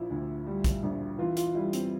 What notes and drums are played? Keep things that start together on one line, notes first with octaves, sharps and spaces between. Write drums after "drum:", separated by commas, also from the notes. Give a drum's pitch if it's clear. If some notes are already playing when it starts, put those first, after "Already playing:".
Already playing: A#1 F3 E4
D2
G3
drum: kick, hi-hat
A#1
E3 F4
F4, drum: hi-hat
G3 E4
C4, drum: hi-hat